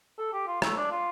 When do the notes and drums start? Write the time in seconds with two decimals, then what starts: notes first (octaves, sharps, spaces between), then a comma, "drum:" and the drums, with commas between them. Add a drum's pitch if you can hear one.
0.18 A4
0.33 G4
0.47 F4
0.62 A3, drum: rim click
0.77 D4
0.91 F4